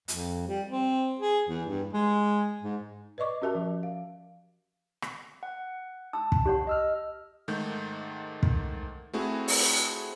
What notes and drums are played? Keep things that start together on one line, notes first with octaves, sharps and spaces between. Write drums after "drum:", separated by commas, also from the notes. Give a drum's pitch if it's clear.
F2, drum: hi-hat
G3
C4
G#4
E2
G2
G#3
G#2
B4 D5 D#5 C#6 D6
C#4 F#4 G4 A#4 E5 A5
F3
F5
drum: rim click
F#5
A5 E6
drum: kick
G4 C#5 F#5
D#5 E6 F6
G#2 D#3 A3 G6
drum: kick
A3 C4 E4 F#4 G#4
drum: open hi-hat